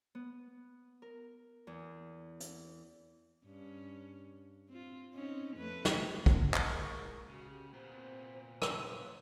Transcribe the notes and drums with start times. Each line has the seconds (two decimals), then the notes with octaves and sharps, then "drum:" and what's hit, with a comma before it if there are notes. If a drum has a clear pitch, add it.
0.15 B3
1.02 A#4
1.67 E2
2.40 drum: hi-hat
3.45 G2 C#4
4.69 C4 F4
5.14 C4 C#4 D#4
5.57 F2 A3 B4
5.85 drum: snare
6.26 drum: kick
6.54 drum: clap
6.65 A#2 G#3 A#4 C#6
7.30 C#3 F#4
7.50 G4
7.74 A#2 B3 C5
7.94 C4
8.62 C5 C#5 F5 C6, drum: rim click
8.90 B4